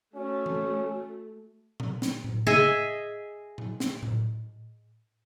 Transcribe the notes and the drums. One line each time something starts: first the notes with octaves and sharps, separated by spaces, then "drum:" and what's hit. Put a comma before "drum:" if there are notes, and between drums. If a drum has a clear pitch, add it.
A3 C#4 F#4
drum: tom E3
drum: tom A#2
drum: snare
drum: tom A2
G#4 D#5 E5
drum: tom A#2
drum: snare
drum: tom A2